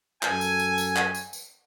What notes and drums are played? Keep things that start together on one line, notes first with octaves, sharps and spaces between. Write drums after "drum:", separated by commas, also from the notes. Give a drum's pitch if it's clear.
F#2 A4 G#5, drum: clap
drum: tambourine
drum: tambourine
drum: tambourine
drum: clap
drum: tambourine
drum: tambourine